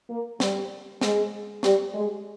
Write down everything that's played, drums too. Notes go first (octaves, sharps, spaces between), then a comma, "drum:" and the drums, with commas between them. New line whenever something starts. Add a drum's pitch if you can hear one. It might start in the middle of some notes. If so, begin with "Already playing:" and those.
A#3
G3, drum: snare
G#3, drum: snare
G3, drum: snare
G#3